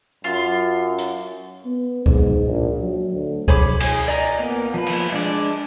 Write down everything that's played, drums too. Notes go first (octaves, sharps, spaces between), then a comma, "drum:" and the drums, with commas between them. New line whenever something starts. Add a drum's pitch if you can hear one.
F#2 F4
drum: hi-hat
B3
G#2, drum: kick C#2
A#1
F#3
D2
G#4 C5 C#5 B5 D6, drum: kick C#2
G#4, drum: cymbal
D5 D#5 G#5 A#5
A#3 B3
F3 B4
drum: cymbal
G#3 D4 D5